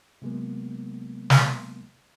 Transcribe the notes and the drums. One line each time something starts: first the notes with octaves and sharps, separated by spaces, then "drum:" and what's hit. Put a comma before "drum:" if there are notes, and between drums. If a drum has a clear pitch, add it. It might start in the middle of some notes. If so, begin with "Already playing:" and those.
C3 F#3 G#3 A#3 B3
drum: snare